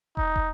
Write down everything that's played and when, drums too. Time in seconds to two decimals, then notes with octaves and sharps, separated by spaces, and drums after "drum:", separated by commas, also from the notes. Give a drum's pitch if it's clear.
0.17 D#4, drum: kick
0.36 drum: kick